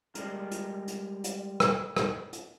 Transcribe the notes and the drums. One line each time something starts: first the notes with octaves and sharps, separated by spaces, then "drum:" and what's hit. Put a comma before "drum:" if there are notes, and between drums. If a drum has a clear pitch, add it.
G3 G#3 A#4, drum: hi-hat
drum: hi-hat
drum: hi-hat
drum: hi-hat
drum: rim click
drum: rim click
drum: hi-hat